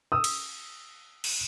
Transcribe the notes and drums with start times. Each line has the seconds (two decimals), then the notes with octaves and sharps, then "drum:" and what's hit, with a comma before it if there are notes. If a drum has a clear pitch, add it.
0.12 D#6 E6
0.24 drum: cymbal
1.24 drum: cymbal